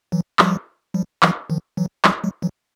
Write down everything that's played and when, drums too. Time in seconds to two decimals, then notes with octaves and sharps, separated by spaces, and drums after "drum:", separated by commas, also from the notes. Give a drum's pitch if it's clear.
0.12 E3 F#3
0.39 F3 G3, drum: clap
0.94 F3 G3
1.23 E3 F#3, drum: clap
1.50 D#3 F3
1.77 E3 F#3
2.05 F3 G3, drum: clap
2.24 F#3 G#3
2.42 E3 F#3